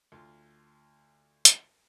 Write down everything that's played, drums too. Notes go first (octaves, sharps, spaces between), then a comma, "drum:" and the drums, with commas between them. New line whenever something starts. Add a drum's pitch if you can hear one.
D2 F4 C6
drum: hi-hat